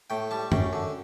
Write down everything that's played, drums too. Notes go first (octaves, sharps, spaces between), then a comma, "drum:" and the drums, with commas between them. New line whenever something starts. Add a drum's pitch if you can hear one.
A2 G5
G3 A5
F#2 G5, drum: tom
D3